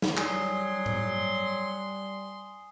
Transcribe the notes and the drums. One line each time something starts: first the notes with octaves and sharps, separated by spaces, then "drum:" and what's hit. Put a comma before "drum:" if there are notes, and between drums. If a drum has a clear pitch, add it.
drum: snare
F#3 G3 G#5 C6 D#6, drum: clap
drum: tom A2